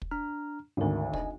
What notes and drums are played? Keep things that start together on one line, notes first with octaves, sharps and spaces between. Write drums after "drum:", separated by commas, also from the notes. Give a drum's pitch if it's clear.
drum: kick
D4 A#5 F6
G#1 D2 G#2 A#4
D#5 G#5, drum: kick